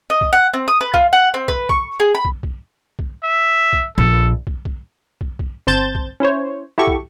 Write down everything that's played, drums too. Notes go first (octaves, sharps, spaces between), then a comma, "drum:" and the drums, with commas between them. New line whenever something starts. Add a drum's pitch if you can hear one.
D#5
drum: kick
F#5
C4
D#6
B4
F4, drum: kick
F#5
C4
B4, drum: kick
C#6, drum: kick
G#4
B5
drum: kick
drum: kick
drum: kick
E5
drum: kick
A#1 A4
drum: kick
drum: kick
drum: kick
drum: kick
G1 C4 C5 A5 G6 A6
drum: kick
C#4 E4 C5 C#5
E4 F#4 G4 A4 C#6
drum: kick